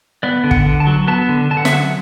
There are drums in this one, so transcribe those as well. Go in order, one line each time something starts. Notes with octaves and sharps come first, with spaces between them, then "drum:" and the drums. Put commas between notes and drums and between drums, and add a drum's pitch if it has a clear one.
B3 D5
D3
F#5, drum: kick
D3
A5
F#3
B3 A5
D3
D3 A5
F#5
E5, drum: snare
F#3 F#5